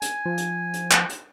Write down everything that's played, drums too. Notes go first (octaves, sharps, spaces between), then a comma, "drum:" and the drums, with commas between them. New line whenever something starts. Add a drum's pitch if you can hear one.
G#5, drum: hi-hat
F3
drum: hi-hat
drum: hi-hat
drum: clap
drum: hi-hat